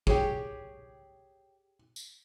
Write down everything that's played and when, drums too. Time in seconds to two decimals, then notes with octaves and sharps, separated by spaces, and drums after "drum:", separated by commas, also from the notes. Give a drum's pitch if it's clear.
0.07 G4 G#4 C#5, drum: kick
1.96 drum: tambourine